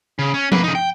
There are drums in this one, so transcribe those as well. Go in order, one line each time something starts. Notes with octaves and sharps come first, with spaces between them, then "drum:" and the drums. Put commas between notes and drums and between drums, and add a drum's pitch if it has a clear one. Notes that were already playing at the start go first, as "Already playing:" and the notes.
C#3
C#4
A#3 B4, drum: tom F3
C#3 D#4
G5